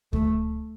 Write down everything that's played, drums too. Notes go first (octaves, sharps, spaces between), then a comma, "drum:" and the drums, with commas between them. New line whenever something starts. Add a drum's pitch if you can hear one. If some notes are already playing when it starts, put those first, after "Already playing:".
A3, drum: kick D2